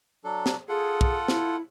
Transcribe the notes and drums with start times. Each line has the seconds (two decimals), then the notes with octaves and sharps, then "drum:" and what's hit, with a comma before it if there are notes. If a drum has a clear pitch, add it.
0.24 F#3 D4 A4
0.46 drum: snare
0.69 F4 G#4 A4 F#5
1.01 drum: kick
1.28 E4, drum: snare